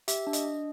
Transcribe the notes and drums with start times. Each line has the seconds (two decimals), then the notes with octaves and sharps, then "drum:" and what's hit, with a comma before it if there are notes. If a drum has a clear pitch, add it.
0.08 G4 E5, drum: hi-hat
0.27 D4
0.33 D#5, drum: hi-hat
0.45 D4